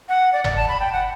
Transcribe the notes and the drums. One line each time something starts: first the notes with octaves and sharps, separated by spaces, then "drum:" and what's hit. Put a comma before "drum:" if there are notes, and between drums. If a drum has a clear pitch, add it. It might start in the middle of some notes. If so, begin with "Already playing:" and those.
F#5
D5
D5, drum: tom G1
A5
B5
G5
F#5